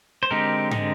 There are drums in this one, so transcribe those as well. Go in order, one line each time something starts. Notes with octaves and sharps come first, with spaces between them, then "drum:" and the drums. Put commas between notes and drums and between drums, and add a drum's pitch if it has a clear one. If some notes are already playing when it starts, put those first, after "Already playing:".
C5
D3 G#3 C4 D#4 G4 A#4
D3 G#3 C4 D#4, drum: tom